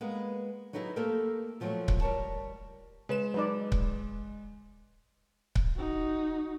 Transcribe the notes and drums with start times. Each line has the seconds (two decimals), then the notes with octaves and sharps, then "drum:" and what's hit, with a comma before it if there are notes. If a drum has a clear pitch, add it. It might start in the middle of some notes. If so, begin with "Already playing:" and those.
0.01 G#3 A#3 B3
0.73 F#3 B3 D#4 E4 G4 G#4
0.96 A3 A#3 C4 G4 A4 A#4
1.60 A#2 F3 F#3 A3 C4
1.88 drum: kick C#1
2.01 G3 A#4 C#5 A5
3.09 C#3 G#3 B4 E7
3.34 F#3 D#4 B4 D5
3.72 drum: kick C#1
5.55 drum: kick C#1
5.77 D#4 F#4